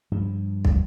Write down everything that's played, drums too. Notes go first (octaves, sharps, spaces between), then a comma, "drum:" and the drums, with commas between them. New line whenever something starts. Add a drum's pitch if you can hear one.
G2 F3
drum: kick